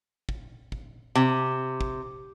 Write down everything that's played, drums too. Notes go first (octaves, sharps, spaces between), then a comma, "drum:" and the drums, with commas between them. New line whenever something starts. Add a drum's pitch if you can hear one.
drum: kick
drum: kick
C3
drum: kick